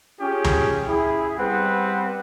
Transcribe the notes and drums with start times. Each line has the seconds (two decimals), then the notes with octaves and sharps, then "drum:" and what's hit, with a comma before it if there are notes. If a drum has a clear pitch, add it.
0.20 C#4 F4 G4 G#4
0.44 drum: tom C#2
0.88 E4 G#4
1.38 G3 B3 C4 B4 F#5